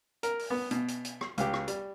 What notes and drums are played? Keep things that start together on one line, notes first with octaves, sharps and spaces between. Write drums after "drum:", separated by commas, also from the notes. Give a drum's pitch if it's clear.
A#4, drum: hi-hat
drum: open hi-hat
B3
B2, drum: hi-hat
drum: hi-hat
drum: hi-hat
drum: rim click
C#2 G4, drum: hi-hat
drum: rim click
G3, drum: hi-hat